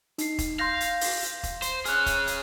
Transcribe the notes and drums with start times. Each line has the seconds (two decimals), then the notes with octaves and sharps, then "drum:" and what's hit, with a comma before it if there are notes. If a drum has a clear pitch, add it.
0.18 D#4 C7, drum: hi-hat
0.38 drum: kick E1, hi-hat
0.59 F5 C6 G6 A#6
0.80 drum: hi-hat
1.01 drum: open hi-hat
1.22 drum: hi-hat
1.43 drum: kick E1, hi-hat
1.62 C5, drum: hi-hat
1.85 G#4 C#5 F6 F#6, drum: hi-hat
2.06 drum: kick E1, hi-hat
2.27 drum: hi-hat